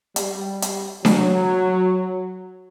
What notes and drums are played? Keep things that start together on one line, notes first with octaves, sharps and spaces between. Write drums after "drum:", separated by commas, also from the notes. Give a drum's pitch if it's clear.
G3, drum: hi-hat
drum: hi-hat
F#3, drum: snare D4